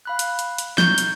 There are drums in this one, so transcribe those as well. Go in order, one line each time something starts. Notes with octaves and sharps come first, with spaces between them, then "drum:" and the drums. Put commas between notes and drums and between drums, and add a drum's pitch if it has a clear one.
F5 B5 F#6
drum: hi-hat
drum: hi-hat
drum: hi-hat
D#4 C#6 G6, drum: snare
drum: hi-hat